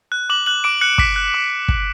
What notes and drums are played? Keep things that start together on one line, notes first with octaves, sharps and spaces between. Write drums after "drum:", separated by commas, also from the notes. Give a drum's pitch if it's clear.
F#6
D6 F#7
F#6 F#7
D6 D7
F#6 C#7
D6 B6, drum: kick
F#6
D6
drum: kick